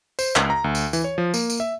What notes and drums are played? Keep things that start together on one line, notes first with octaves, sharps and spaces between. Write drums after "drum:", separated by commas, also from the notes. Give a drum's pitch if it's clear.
C5, drum: tambourine
C#2, drum: clap
A#5
D2
drum: tambourine
E3, drum: tambourine
C#5
F3
A#3, drum: tambourine
drum: tambourine
E5